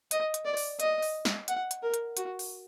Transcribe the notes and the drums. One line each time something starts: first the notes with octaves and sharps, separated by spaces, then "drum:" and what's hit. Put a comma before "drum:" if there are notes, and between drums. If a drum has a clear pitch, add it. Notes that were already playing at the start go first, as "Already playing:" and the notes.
D#5, drum: hi-hat
drum: hi-hat
D5
drum: open hi-hat
D#5, drum: hi-hat
drum: open hi-hat
drum: snare
F#5, drum: hi-hat
drum: hi-hat
A#4
drum: hi-hat
F#4, drum: hi-hat
drum: open hi-hat